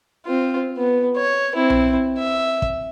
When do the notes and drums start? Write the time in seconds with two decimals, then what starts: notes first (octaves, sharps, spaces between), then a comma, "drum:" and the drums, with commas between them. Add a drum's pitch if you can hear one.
0.26 C4 F4
0.77 B3
1.17 C#5
1.55 C4 E4
1.70 drum: tom B1
2.18 E5
2.62 drum: kick